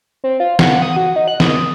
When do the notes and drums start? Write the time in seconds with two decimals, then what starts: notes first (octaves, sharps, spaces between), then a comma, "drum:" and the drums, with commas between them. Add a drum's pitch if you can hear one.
0.24 C4
0.40 F4
0.59 F#5, drum: snare
0.82 D#6
0.97 F#4
1.16 D#4
1.28 F#6
1.40 D#6, drum: snare